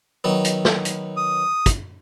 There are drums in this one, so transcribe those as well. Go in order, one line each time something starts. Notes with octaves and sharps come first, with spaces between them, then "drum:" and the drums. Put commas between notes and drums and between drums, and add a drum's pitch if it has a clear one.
D#3 F#3 B3
drum: hi-hat
drum: snare
drum: hi-hat
D#6
drum: kick, hi-hat